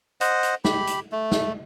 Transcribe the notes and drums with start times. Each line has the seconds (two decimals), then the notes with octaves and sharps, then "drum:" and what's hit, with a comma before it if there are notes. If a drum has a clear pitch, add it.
0.21 C5 D#5 F#5, drum: hi-hat
0.43 drum: hi-hat
0.65 G4 B5, drum: snare
0.87 drum: hi-hat
1.12 A3
1.32 drum: snare